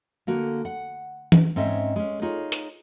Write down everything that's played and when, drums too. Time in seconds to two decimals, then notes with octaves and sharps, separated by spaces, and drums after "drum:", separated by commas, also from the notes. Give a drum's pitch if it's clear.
0.27 D3 A#3 F#4
0.65 F#5
1.32 drum: tom E3
1.56 G#2 C4 C#4 D#5 E5
1.96 G#3 C#4
2.22 D#4 F4 G#4 C#5
2.52 drum: hi-hat